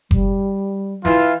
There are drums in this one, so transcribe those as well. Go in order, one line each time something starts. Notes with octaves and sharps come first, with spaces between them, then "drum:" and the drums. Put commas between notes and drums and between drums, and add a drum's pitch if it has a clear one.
G3, drum: kick F#1
E3 F4, drum: snare